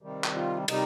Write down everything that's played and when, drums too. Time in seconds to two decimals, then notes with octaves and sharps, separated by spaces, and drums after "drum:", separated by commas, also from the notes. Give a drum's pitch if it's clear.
0.02 C3 D#3 G3
0.24 drum: clap
0.35 F4
0.68 C3 D#3 G3 D#4, drum: cymbal